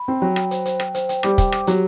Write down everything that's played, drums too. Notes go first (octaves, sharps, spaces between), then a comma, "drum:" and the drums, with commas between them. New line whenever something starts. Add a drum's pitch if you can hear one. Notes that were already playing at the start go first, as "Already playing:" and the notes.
Already playing: B5
C4 G5
F#3 G5
G5, drum: rim click
C5, drum: hi-hat
C5, drum: hi-hat
G5, drum: rim click
C5, drum: hi-hat
G5, drum: hi-hat
G3 D6, drum: rim click
G5, drum: kick, hi-hat
D6, drum: rim click
F#3 G4, drum: hi-hat